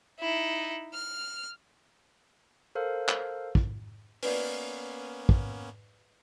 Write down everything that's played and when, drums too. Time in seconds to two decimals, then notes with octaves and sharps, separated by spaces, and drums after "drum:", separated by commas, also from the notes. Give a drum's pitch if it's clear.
0.19 D#4 E4
0.94 F6
2.75 A4 A#4 C5 F5
3.09 drum: clap
3.55 drum: kick
4.23 A#3 B3 C#4 B4 D5, drum: open hi-hat
5.29 drum: kick